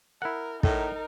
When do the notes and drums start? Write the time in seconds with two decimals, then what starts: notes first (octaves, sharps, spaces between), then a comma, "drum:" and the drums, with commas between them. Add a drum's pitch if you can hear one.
0.22 E4 A#4 F#5
0.63 A2 D#4 A#4, drum: kick